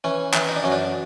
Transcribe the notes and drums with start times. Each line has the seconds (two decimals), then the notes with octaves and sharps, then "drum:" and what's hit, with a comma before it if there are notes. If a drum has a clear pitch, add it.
0.04 E3 C#4
0.34 E3, drum: clap
0.49 D#4
0.56 D4
0.63 F#2 C#4
0.72 D4